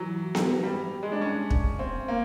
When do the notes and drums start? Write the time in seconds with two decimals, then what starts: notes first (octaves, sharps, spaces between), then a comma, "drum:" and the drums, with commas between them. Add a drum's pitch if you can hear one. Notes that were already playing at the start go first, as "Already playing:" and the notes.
Already playing: E3 F#3
0.35 drum: snare B3
0.64 G3
1.03 G#3
1.12 D4
1.21 C#4
1.51 drum: kick
1.79 C4
2.08 A#3